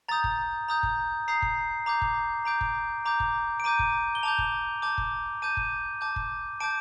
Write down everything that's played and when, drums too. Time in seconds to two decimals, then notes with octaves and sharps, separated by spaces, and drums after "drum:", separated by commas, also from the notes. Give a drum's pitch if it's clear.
0.08 A#5 D#6 G6 A6
0.24 drum: kick
0.68 A#5 D#6 G6
0.83 drum: kick
1.28 A#5 D#6 G6 C7
1.42 drum: kick
1.86 A#5 D6 G6
2.02 drum: kick
2.45 A#5 D6 G6 D7
2.61 drum: kick
3.05 A#5 D6 G6
3.20 drum: kick
3.60 D7
3.64 A#5 D6 G6 D#7
3.79 drum: kick
4.15 G7
4.23 A5 D6 G6 F7
4.38 drum: kick
4.82 A5 D6 G6
4.98 drum: kick
5.42 A5 D6 G6 D#7
5.57 drum: kick
6.01 A5 D6 G6
6.16 drum: kick
6.60 A5 D6 G6 D7